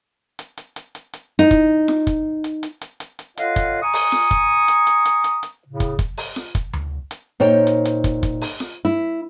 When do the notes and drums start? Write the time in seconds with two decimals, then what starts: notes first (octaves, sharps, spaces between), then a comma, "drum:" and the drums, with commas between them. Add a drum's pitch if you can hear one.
0.39 drum: hi-hat
0.57 drum: hi-hat
0.76 drum: hi-hat
0.95 drum: hi-hat
1.13 drum: hi-hat
1.39 D#4
1.51 drum: kick, hi-hat
1.88 drum: snare F4
2.07 drum: kick, hi-hat
2.44 drum: hi-hat
2.63 drum: hi-hat
2.81 drum: hi-hat
3.00 drum: hi-hat
3.19 drum: hi-hat
3.37 F4 A4 C#5 D#5 F5 F#5, drum: hi-hat
3.56 drum: kick, hi-hat
3.82 G#5 A#5 C#6 D#6
3.93 drum: open hi-hat
4.12 drum: snare F4
4.31 drum: kick, hi-hat
4.68 drum: hi-hat
4.87 drum: hi-hat
5.05 drum: hi-hat
5.24 drum: hi-hat
5.43 drum: hi-hat
5.67 A2 C#3
5.80 drum: kick, hi-hat
5.99 drum: kick, hi-hat
6.17 drum: open hi-hat
6.36 drum: snare F4
6.55 drum: kick, hi-hat
6.73 drum: tom D2
7.11 drum: hi-hat
7.40 A#2 D#4 C5 C#5 G5
7.67 drum: hi-hat
7.85 drum: hi-hat
8.04 drum: kick, hi-hat
8.23 drum: kick, hi-hat
8.41 drum: open hi-hat
8.60 drum: snare F4
8.85 E4